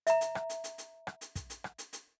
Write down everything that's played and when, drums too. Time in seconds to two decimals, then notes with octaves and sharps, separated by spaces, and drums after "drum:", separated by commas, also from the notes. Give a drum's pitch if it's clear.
0.07 E5 A#5, drum: hi-hat
0.21 drum: hi-hat
0.35 drum: rim click
0.50 drum: hi-hat
0.64 drum: hi-hat
0.78 drum: hi-hat
1.07 drum: rim click
1.21 drum: hi-hat
1.35 drum: kick, hi-hat
1.50 drum: hi-hat
1.64 drum: rim click
1.78 drum: hi-hat
1.93 drum: hi-hat